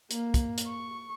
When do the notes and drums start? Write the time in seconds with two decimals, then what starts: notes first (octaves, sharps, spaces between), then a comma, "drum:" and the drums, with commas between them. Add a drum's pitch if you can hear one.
0.11 A#3, drum: hi-hat
0.34 drum: kick, hi-hat
0.58 drum: hi-hat
0.69 C#6